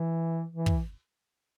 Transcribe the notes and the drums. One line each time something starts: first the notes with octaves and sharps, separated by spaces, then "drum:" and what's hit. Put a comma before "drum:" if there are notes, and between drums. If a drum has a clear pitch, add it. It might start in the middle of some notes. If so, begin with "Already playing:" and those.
Already playing: E3
E3
drum: kick